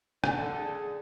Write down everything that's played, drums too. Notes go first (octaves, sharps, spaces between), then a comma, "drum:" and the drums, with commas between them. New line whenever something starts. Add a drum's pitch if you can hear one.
D3 A4, drum: rim click
G#4